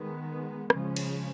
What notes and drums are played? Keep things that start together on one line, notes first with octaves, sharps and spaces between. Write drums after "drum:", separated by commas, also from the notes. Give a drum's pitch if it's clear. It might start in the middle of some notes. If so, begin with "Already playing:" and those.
Already playing: D#3 G#3 B3
C#3 F3 G#3 C#4, drum: rim click
drum: cymbal